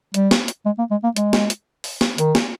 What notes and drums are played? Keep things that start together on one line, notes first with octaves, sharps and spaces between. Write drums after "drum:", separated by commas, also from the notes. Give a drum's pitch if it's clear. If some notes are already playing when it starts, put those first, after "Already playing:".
G3, drum: hi-hat
drum: snare
drum: hi-hat
G#3
A#3
G#3
A#3
G#3, drum: hi-hat
drum: snare
drum: hi-hat
drum: open hi-hat
drum: snare
D#3, drum: hi-hat
drum: snare